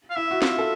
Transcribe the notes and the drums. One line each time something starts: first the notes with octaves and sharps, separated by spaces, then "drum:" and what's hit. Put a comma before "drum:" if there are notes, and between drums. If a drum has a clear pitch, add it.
F5
E4 E5
F#4
F4 E5, drum: snare
A4